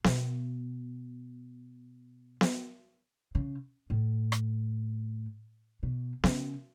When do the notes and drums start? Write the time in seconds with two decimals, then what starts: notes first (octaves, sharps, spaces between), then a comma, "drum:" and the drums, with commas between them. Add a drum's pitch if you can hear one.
0.04 B2, drum: snare B3
2.41 drum: snare B3
3.35 C#3
3.90 A2
4.32 drum: rim click
5.83 B2
6.24 C#3, drum: snare B3